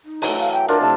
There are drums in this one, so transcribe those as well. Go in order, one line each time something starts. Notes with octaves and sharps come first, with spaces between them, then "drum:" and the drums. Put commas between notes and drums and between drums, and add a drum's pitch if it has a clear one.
D#4
E3 F#3 A3, drum: open hi-hat
F5
G5
D4 F4 A#4 C5, drum: hi-hat
C3 A3 E4 A5